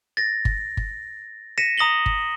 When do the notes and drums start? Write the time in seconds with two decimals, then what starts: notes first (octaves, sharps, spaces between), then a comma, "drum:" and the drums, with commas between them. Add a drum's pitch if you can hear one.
0.17 A6 A#6
0.45 drum: kick G1
0.77 drum: kick G1
1.58 A#6 B6 C#7 D#7 E7
1.78 A#5 D#6 A#6 F#7 G7
2.06 drum: kick G1